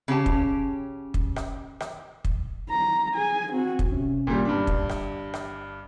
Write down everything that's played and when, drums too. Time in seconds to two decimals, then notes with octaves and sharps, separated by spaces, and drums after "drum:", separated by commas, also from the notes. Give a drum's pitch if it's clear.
0.08 C#3 C#4 G4 A5
0.26 drum: kick
1.14 drum: kick
1.36 drum: rim click
1.80 drum: rim click
2.25 drum: kick
2.70 A#5
3.13 G#4 G#5
3.52 C4 F#4
3.79 drum: kick
3.92 C3 C#4
4.27 G1 A#2 G3
4.45 G2 D4
4.67 drum: kick
4.89 drum: rim click
5.34 drum: rim click